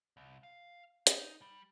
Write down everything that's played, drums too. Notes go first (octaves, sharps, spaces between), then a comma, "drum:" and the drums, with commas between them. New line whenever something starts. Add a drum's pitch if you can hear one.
C2
F5
D#4, drum: hi-hat
G3